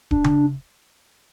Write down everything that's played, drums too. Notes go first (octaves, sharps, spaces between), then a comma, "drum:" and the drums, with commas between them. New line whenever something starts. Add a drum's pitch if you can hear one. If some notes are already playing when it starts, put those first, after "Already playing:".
D4, drum: kick D1
drum: tom C#3